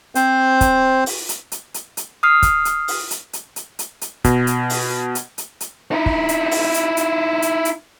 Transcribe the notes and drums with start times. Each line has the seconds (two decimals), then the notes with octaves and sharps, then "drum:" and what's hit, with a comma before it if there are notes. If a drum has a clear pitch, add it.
0.15 C4 C5, drum: hi-hat
0.61 drum: kick, hi-hat
1.06 drum: open hi-hat
1.29 drum: hi-hat
1.52 drum: hi-hat
1.74 drum: hi-hat
1.97 drum: hi-hat
2.23 D#6 F6 C7
2.42 drum: kick, hi-hat
2.65 drum: hi-hat
2.88 drum: open hi-hat
3.11 drum: hi-hat
3.33 drum: hi-hat
3.56 drum: hi-hat
3.79 drum: hi-hat
4.01 drum: hi-hat
4.24 B2, drum: kick, hi-hat
4.47 drum: hi-hat
4.70 drum: open hi-hat
5.15 drum: hi-hat
5.38 drum: hi-hat
5.61 drum: hi-hat
5.91 D#4 E4
6.06 drum: kick
6.29 drum: hi-hat
6.51 drum: open hi-hat
6.74 drum: hi-hat
6.97 drum: hi-hat
7.42 drum: hi-hat
7.65 drum: hi-hat